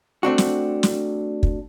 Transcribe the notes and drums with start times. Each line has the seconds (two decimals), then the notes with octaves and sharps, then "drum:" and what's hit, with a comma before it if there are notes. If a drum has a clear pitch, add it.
0.23 A3 C4 D4 F#4
0.38 drum: snare
0.83 drum: snare
1.43 drum: kick